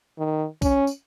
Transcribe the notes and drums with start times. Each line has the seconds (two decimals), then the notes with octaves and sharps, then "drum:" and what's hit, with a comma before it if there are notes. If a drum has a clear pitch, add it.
0.18 D#3
0.62 C#4, drum: kick, tambourine
0.87 drum: tambourine